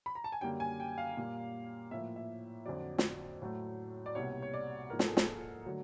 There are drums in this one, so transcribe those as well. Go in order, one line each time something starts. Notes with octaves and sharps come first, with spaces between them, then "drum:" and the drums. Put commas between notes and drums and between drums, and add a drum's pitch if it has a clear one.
B5
A#5
A5
G#5
F#2 D3 G3 A#3 G5
G#5
G5
F5
A#2 G3 A#3
A2 F3 A#3 E5
E5
F2 D3 F#3 D5
drum: snare
A2 F#3 A3
D5
C2 B2 G3 A#3 C#5
C#5
D5
G#2 F3 A#3 A#4
A4, drum: snare
G#4
A4, drum: snare
D3 F#3 A3